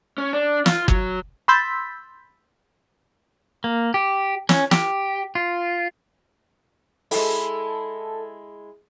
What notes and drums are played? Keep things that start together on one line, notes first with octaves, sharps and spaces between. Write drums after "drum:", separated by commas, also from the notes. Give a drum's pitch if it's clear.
C#4
D4
F4, drum: snare
F#3, drum: kick
B5 C6 E6 G6 A6 B6
A#3
G4
C#4, drum: snare
G4, drum: snare
F4
G#3 E4 A4, drum: open hi-hat